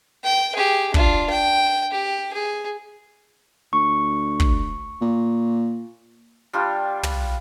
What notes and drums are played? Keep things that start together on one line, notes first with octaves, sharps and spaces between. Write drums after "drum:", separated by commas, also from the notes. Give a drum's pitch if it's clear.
G5
G4 G#4
D4 F4, drum: kick
G5
G4
G#4
D2 C#6
drum: kick
A#2
G3 D4 F4 G4
drum: tom